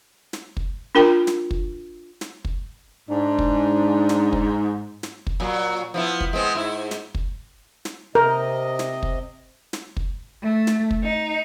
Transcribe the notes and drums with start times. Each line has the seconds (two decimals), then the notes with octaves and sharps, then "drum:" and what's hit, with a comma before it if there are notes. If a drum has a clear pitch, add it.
0.33 drum: snare
0.57 drum: kick
0.95 D4 F4 A#4 G5 A#5
1.27 drum: snare
1.51 drum: kick
2.21 drum: snare
2.45 drum: kick
3.10 G#2 D4
3.39 drum: kick
4.09 drum: snare
4.33 drum: kick
5.03 drum: snare
5.27 drum: kick
5.40 A#2 F#3
5.94 F3 B3 E4
6.21 drum: kick
6.33 G#3 B3 C4
6.55 G#2 E4
6.91 drum: snare
7.15 drum: kick
7.85 drum: snare
8.15 C3 A#4 D#5
8.79 drum: snare
9.03 drum: kick
9.73 drum: snare
9.97 drum: kick
10.44 A3
10.67 drum: snare
10.91 drum: kick
11.03 D#4